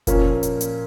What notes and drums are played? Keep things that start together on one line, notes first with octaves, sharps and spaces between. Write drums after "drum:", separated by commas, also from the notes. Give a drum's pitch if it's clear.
A#2 F3 A#3 C#4, drum: kick F1, hi-hat
drum: hi-hat
drum: hi-hat